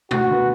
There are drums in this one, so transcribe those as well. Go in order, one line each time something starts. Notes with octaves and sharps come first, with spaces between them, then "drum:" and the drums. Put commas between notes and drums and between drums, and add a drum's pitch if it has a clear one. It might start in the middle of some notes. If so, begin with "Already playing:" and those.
D2 F#4, drum: tom B2
D3 B3